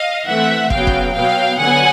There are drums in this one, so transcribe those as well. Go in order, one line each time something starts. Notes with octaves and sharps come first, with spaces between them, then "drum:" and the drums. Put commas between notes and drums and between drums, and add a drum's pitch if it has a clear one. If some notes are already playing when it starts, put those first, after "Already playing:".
Already playing: D#5 F5
E3 A3 C4 E5 F#5
C#3 F#3 B3 F5 G5, drum: kick
drum: kick
B2 F#3 B3 F5 G5
D3 F#3 B3 F#5 G#5